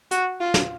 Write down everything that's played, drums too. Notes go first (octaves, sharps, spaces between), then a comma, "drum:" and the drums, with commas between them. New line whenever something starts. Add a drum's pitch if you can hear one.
F#4, drum: hi-hat
F4
drum: snare